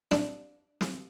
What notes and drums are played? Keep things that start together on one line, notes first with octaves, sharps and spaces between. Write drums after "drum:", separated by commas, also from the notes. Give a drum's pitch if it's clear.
D4, drum: snare
drum: snare